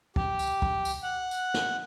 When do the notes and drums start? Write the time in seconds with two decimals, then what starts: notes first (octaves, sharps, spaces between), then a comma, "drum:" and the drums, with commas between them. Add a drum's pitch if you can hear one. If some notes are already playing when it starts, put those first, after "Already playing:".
0.16 G4, drum: kick
0.39 drum: tambourine
0.62 drum: kick
0.85 drum: tambourine
1.03 F#5
1.31 drum: tambourine
1.54 drum: snare